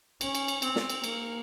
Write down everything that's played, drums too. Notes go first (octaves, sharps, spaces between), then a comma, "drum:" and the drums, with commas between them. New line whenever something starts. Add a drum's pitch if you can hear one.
C#4, drum: cymbal
drum: cymbal
drum: cymbal
C4, drum: cymbal
drum: snare
drum: cymbal
A#3, drum: cymbal